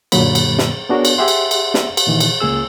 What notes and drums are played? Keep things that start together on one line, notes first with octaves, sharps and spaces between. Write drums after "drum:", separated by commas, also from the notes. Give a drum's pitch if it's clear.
F#2 A#2 D3 F#3 A#3 B5, drum: cymbal
drum: cymbal
drum: snare
B3 D4 F#4 G#4 A#4 C#5
drum: cymbal
G4 G#4 E5 F#5 C6
drum: cymbal
drum: cymbal
drum: snare
drum: cymbal
A#2 D#3 E3
drum: cymbal
C#2 A#3 G#4 E6